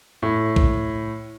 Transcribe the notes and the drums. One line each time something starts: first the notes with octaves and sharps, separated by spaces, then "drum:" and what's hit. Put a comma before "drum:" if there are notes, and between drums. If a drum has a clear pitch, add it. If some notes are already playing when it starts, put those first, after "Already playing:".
A2
drum: kick A#1